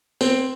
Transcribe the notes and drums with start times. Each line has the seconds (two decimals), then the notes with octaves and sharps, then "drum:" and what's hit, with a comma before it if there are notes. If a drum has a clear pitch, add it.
0.21 C4, drum: tambourine